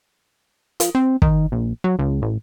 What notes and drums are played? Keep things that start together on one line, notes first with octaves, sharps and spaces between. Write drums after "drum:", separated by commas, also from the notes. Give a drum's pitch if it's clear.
F3, drum: hi-hat
C4
D#3, drum: kick
A#1
F#3
C#2
A1